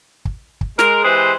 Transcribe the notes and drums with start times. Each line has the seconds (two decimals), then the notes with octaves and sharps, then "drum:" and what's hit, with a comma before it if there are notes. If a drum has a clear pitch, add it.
0.25 drum: kick
0.61 drum: kick
0.79 G#3 A#4, drum: snare
1.04 E3 G#3 G4 G#4 B4 C5